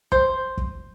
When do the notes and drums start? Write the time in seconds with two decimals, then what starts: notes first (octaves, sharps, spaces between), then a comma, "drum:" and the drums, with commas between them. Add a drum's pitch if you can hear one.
0.12 C5, drum: kick
0.57 drum: kick